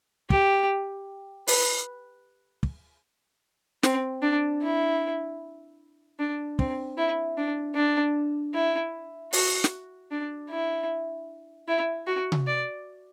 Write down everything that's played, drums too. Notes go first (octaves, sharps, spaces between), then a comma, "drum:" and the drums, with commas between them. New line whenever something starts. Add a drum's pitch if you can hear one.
G4, drum: kick
B4, drum: open hi-hat
drum: kick
C4, drum: snare
D4
E4
D4
C4, drum: kick
E4
D4
D4
E4
F#4, drum: open hi-hat
drum: snare
D4
E4
E4
F#4
drum: tom C3
D5